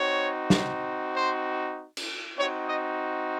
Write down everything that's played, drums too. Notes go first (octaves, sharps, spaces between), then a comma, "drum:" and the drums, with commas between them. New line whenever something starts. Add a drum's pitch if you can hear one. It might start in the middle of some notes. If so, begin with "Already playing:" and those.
Already playing: C4 D#4 F#4 C#5
drum: snare
C5
drum: cymbal
C4 D#4 F#4 C#5
D#5